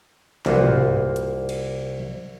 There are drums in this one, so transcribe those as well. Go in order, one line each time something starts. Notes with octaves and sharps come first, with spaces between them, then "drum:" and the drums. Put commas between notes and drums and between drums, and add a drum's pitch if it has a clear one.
C2 A#3 F4 F#4 B4 C5, drum: snare
drum: tom G2
drum: hi-hat
drum: cymbal